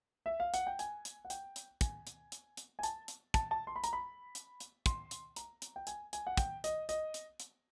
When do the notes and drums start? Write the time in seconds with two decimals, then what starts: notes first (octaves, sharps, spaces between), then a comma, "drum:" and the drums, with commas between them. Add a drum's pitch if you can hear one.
0.26 E5
0.40 F5
0.54 F#5, drum: hi-hat
0.67 G5
0.79 G#5, drum: hi-hat
1.05 drum: hi-hat
1.25 F#5
1.30 G5, drum: hi-hat
1.56 drum: hi-hat
1.81 G#5, drum: kick, hi-hat
2.07 drum: hi-hat
2.32 drum: hi-hat
2.57 drum: hi-hat
2.79 G#5
2.83 A5, drum: hi-hat
3.08 drum: hi-hat
3.34 A5, drum: kick, hi-hat
3.51 A5
3.67 C6
3.76 B5
3.84 A#5, drum: hi-hat
3.93 B5
4.35 drum: hi-hat
4.60 drum: hi-hat
4.86 C6, drum: kick, hi-hat
5.11 drum: hi-hat
5.36 A#5, drum: hi-hat
5.62 drum: hi-hat
5.76 G5
5.87 G#5, drum: hi-hat
6.13 G#5, drum: hi-hat
6.27 F#5
6.37 G5, drum: kick, hi-hat
6.64 D#5, drum: hi-hat
6.89 D#5, drum: hi-hat
7.14 drum: hi-hat
7.40 drum: hi-hat